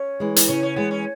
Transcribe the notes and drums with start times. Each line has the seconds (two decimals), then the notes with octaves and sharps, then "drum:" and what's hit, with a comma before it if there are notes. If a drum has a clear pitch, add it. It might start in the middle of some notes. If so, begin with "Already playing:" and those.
Already playing: C#4
0.20 E3 G#3
0.36 drum: hi-hat
0.48 C#3 C#4
0.63 C#4
0.76 E3 G#3 B3
0.91 C#4